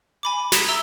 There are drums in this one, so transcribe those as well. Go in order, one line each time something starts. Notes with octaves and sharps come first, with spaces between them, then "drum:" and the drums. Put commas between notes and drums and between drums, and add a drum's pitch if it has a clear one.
G#5 B5 D6
A#5 D#6 G#6 B6 E7 F7, drum: snare
E5 A#5 E6 G7